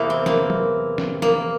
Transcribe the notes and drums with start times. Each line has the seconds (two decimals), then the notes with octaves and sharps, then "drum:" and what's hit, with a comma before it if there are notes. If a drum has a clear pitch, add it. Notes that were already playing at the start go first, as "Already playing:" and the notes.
Already playing: E2 C3 E3 A#3
0.10 C4
0.26 A#3, drum: snare
0.50 drum: tom
0.98 drum: snare
1.22 A#3, drum: snare